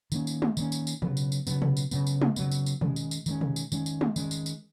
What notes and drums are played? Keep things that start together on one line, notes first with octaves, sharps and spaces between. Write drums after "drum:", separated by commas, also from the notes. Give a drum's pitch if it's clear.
D#3 A#3 C#4, drum: tambourine
drum: tambourine
drum: tom
D#3 A#3 C#4, drum: tambourine
drum: tambourine
drum: tambourine
C#3 F#3 B3, drum: tom B2
drum: tambourine
drum: tambourine
C#3 F#3 B3, drum: tambourine
drum: tom
drum: tambourine
C#3 F#3 B3, drum: tambourine
drum: tambourine
drum: tom
C#3 F#3 B3, drum: tambourine
drum: tambourine
drum: tambourine
D#3 G#3 C#4, drum: tom B2
drum: tambourine
drum: tambourine
D#3 G#3 C#4, drum: tambourine
drum: tom B2
drum: tambourine
D#3 G#3 C#4, drum: tambourine
drum: tambourine
drum: tom
D#3 G#3 C#4, drum: tambourine
drum: tambourine
drum: tambourine